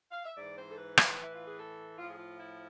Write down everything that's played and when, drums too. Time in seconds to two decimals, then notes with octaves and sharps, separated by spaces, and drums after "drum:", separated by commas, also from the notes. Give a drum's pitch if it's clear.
0.11 F5
0.25 E5
0.37 G#2 E3 D5
0.58 C5
0.71 A4
0.77 B4
0.97 drum: rim click
1.18 A2 E3 E4
1.34 F4
1.46 G#4
1.57 A4
1.97 A2 F3 F4
2.09 G#4
2.18 F4
2.38 E4